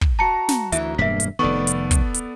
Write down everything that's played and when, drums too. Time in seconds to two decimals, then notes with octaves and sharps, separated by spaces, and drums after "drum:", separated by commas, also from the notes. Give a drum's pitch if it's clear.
0.01 drum: kick
0.19 F#4 A5 A#5 C#7
0.49 drum: snare
0.72 D2 E3 E5, drum: hi-hat
0.98 E1 G2 A#3 E5 B6
1.20 drum: hi-hat
1.39 F1 D#3 B3 A4 D5 C#6
1.67 drum: hi-hat
1.91 drum: kick, hi-hat
2.14 drum: hi-hat